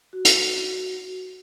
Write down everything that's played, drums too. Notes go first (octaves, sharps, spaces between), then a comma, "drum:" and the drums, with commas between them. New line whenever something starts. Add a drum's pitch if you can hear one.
F#4
drum: hi-hat